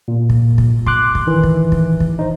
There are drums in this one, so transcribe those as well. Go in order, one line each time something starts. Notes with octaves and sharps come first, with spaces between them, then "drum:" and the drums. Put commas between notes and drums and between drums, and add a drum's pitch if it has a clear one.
A#2
drum: kick
drum: kick
C6 D6 F#6, drum: kick
drum: kick
D#3 E3
drum: kick
drum: kick
drum: kick
D#4 C5